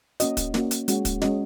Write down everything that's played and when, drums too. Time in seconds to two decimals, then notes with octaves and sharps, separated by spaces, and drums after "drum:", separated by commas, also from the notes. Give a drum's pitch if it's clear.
0.20 A#3 C#4 F#4 D#5, drum: hi-hat
0.37 drum: kick, hi-hat
0.54 A#3 C#4 F#4, drum: snare
0.71 drum: hi-hat
0.88 G#3 C#4 F#4, drum: hi-hat
1.05 drum: kick, hi-hat
1.22 G#3 C#4 F#4 D#5, drum: snare